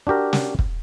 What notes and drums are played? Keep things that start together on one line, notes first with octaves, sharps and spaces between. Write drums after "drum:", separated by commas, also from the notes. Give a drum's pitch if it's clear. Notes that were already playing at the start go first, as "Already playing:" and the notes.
D4 F#4 G4 A#4
drum: snare
drum: kick